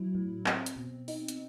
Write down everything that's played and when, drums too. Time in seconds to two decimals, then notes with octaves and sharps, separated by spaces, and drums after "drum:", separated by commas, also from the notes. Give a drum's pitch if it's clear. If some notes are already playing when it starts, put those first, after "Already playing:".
Already playing: A2 F#3 E4
0.15 A2
0.46 C4, drum: clap
0.66 drum: hi-hat
0.76 B2
1.08 D#4, drum: open hi-hat
1.28 drum: hi-hat